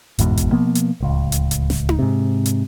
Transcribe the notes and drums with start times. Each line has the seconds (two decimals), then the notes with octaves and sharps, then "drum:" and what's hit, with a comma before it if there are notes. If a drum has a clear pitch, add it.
0.19 G1 E2 G#2 B2, drum: hi-hat
0.37 drum: kick A1, hi-hat
0.51 B2 F3 A#3 B3
0.75 drum: hi-hat
1.00 D1 C#2
1.32 drum: hi-hat
1.51 drum: hi-hat
1.70 drum: snare
1.89 drum: tom D#4
1.99 G#2 C3
2.46 drum: hi-hat